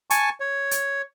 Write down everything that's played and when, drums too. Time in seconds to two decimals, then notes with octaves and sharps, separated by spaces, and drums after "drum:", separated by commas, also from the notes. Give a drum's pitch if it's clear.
0.10 G#5 A5 C#6, drum: hi-hat
0.40 C#5
0.71 drum: hi-hat